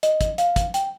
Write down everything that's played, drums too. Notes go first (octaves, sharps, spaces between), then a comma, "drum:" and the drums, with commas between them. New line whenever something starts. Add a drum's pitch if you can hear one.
D#5, drum: hi-hat
drum: kick, hi-hat
F5, drum: hi-hat
drum: kick, hi-hat
G5, drum: hi-hat